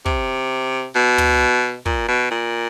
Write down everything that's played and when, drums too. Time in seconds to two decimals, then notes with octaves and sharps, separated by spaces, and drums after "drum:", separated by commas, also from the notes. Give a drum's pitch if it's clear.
0.06 C3, drum: kick
0.95 B2
1.18 drum: tom
1.86 A#2, drum: kick
2.08 B2
2.31 A#2